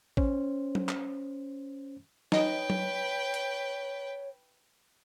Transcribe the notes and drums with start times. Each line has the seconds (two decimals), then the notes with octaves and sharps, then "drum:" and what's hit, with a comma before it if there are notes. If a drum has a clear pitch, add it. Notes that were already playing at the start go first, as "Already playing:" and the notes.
0.17 C#4 C5, drum: kick A1
0.75 drum: tom F#3
0.89 drum: clap
2.32 D#4 B4 C#5 D#5 G5, drum: snare
2.70 drum: tom F#3
3.34 drum: hi-hat